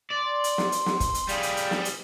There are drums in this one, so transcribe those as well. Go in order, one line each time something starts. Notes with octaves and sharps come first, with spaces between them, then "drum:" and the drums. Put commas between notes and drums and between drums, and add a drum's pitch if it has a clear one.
D5 C6
drum: hi-hat
drum: snare
drum: hi-hat
drum: snare
drum: kick, hi-hat
drum: hi-hat
G3 G#4 D5 F5 G5, drum: hi-hat
drum: hi-hat
drum: hi-hat
drum: snare
drum: hi-hat